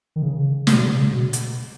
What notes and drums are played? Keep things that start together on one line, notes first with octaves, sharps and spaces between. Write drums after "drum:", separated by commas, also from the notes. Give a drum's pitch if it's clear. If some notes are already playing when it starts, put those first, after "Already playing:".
D#3
C#3
C#3, drum: snare
B2
C#3
B2
drum: hi-hat